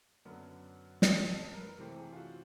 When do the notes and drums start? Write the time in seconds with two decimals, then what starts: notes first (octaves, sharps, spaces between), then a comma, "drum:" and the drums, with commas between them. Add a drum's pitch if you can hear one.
0.25 F#2 D3 F#3 B3
1.02 drum: snare
1.28 A4
1.53 A#4
1.60 B4
1.68 A#4
1.78 C3 E3 A3 C4
1.98 G#4
2.12 F4
2.16 F#4